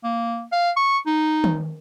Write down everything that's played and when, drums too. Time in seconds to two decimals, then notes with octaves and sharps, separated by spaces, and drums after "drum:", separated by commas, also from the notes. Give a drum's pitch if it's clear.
0.04 A#3
0.52 F5
0.76 C#6
1.06 D#4
1.44 drum: tom D#3